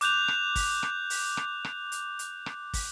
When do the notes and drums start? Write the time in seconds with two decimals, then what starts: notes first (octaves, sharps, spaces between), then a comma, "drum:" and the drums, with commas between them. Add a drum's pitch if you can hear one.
0.01 D6 F#6 G6 F7, drum: hi-hat
0.28 drum: rim click
0.56 drum: kick, open hi-hat
0.83 drum: rim click
1.10 drum: open hi-hat
1.37 drum: rim click
1.65 drum: rim click
1.92 drum: hi-hat
2.19 drum: hi-hat
2.46 drum: rim click
2.74 drum: kick, open hi-hat